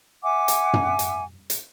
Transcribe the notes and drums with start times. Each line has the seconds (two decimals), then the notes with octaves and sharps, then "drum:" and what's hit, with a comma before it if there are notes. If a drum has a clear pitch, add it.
0.23 E5 F#5 G#5 D6
0.48 drum: hi-hat
0.73 drum: tom
0.99 drum: hi-hat
1.50 drum: hi-hat